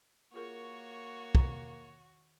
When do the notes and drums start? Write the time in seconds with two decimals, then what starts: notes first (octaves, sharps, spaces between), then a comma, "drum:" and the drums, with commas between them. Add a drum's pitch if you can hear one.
0.34 A#3 F4 F#4 G#4 A#4 C#5
1.35 D#3 A#5, drum: kick